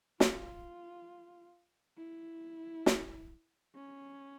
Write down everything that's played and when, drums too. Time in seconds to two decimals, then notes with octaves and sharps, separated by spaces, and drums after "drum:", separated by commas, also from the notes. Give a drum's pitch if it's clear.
0.20 F4, drum: snare
1.97 E4
2.86 drum: snare
3.75 C#4